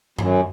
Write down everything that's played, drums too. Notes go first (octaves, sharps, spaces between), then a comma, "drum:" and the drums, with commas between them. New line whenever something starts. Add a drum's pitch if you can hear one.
F#2, drum: tom F#2